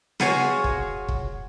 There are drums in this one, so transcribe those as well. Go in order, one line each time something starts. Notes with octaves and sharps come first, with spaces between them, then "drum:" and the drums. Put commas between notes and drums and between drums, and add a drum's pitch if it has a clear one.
F4 F#4 G#4 C#5, drum: snare B3
drum: kick
drum: kick